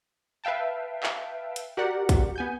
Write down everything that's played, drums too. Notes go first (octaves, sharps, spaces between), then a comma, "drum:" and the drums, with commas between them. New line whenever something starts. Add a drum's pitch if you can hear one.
B4 E5 F5 G5 A5
drum: clap
drum: hi-hat
F#4 G4 A#4 D5 F#5
drum: kick, hi-hat
B3 G#5 G6